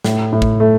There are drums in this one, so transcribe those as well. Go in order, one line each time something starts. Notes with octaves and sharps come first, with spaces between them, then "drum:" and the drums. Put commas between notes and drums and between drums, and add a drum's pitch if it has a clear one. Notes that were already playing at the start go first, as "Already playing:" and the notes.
A2, drum: snare
A2
drum: kick
A3